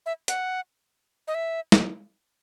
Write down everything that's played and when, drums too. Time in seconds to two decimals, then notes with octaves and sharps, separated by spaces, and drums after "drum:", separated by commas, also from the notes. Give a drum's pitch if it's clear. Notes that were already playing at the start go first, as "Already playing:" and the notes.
0.06 E5
0.28 F#5, drum: hi-hat
1.27 D#5
1.34 E5
1.72 drum: snare